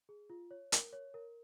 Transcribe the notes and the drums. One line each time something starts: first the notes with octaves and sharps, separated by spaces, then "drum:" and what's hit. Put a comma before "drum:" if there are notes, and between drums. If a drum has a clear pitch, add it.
G#4
F4
C#5
A#4, drum: hi-hat
C#5
A#4